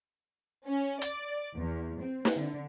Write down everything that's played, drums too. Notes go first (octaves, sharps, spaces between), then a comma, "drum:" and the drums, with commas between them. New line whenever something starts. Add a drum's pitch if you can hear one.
C#4
D5, drum: hi-hat
E2
C4
drum: snare
D3